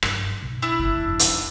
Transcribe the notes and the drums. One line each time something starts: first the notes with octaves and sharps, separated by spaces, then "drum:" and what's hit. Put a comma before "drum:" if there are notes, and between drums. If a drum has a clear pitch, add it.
G2 F#3, drum: rim click
B1
D4 E4
G1 D3
F2
F2 D#4, drum: hi-hat